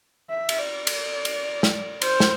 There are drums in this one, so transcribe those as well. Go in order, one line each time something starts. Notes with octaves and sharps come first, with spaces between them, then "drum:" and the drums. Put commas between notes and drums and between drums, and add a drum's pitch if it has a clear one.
E5
drum: cymbal
D5
drum: cymbal
drum: cymbal
drum: snare
C5, drum: cymbal
drum: snare